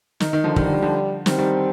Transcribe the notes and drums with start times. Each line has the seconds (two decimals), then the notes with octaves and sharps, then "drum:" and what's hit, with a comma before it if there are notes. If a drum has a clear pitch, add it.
0.20 D#3 D#4, drum: snare
0.33 D#3
0.44 D3 F3
0.56 D#3 G3, drum: kick
0.65 D3
0.73 D#3
0.82 D3 F3
1.26 D#3 G3 C4, drum: snare
1.38 D#3 G3